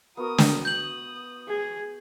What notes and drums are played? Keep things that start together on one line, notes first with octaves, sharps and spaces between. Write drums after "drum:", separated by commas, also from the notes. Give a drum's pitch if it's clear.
B3 F#4 A#4 D#6
drum: snare
D#6 G6 F#7
G#4